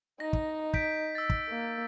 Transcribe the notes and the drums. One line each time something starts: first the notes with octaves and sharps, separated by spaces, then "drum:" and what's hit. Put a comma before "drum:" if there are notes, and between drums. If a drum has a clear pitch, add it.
D#4 A#6
drum: kick
G6 B6 D7, drum: kick
E6 A6
drum: kick
A#3